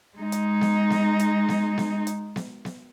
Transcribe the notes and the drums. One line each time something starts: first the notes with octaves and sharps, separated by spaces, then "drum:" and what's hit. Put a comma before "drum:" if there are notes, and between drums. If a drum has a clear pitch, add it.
G#3 D#4
drum: hi-hat
drum: snare B3
drum: snare B3
drum: hi-hat
drum: snare B3
drum: snare B3
drum: hi-hat
drum: snare B3
drum: snare B3